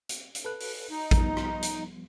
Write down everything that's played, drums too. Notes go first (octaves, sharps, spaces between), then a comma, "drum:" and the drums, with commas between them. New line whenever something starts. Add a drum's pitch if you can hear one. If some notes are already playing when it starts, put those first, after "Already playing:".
drum: hi-hat
drum: hi-hat
A4 B4 F#6
drum: open hi-hat
D#4
F3 G3 B3, drum: kick A1, hi-hat
drum: rim click
drum: hi-hat